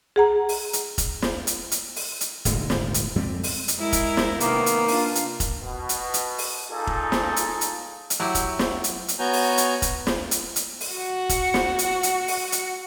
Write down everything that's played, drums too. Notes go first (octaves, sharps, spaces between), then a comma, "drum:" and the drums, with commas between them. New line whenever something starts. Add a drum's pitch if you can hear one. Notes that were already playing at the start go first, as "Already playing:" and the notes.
G#4 F#5 A#5
drum: open hi-hat
drum: hi-hat
drum: kick F1, hi-hat
drum: snare
drum: hi-hat
drum: hi-hat
drum: open hi-hat
drum: hi-hat
D#1 G#1 D2 G#3, drum: kick F1, hi-hat
drum: snare
drum: hi-hat
F2 G3 G#3 C4
drum: open hi-hat
drum: hi-hat
G#3 E4 A#4
drum: kick F1, hi-hat
drum: snare
C3 D#3 A#3 B3, drum: hi-hat
drum: hi-hat
D4 F4, drum: open hi-hat
drum: hi-hat
drum: kick F1, hi-hat
B2
drum: hi-hat
drum: hi-hat
drum: open hi-hat
A#2 D#4 G#4 A4
drum: kick F1
drum: snare
drum: hi-hat
drum: hi-hat
drum: hi-hat
F#3 E4 G4 F#5 C#6 E6
drum: kick F1, hi-hat
drum: snare
drum: hi-hat
drum: hi-hat
B3 F#4 C#5 G#5 A#5 G6
drum: open hi-hat
drum: hi-hat
drum: kick F1, hi-hat
drum: snare
drum: hi-hat
drum: hi-hat
drum: open hi-hat
F#4 F#5
drum: kick F1, hi-hat
drum: snare
drum: hi-hat
drum: hi-hat
drum: open hi-hat
drum: hi-hat